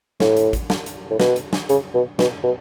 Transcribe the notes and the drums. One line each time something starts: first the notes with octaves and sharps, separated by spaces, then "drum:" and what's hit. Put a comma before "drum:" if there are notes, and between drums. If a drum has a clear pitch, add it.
A2, drum: snare
drum: hi-hat
drum: kick, hi-hat
drum: snare
drum: hi-hat
A2
B2, drum: snare
drum: hi-hat
drum: snare
C#3, drum: hi-hat
B2
B2, drum: snare
B2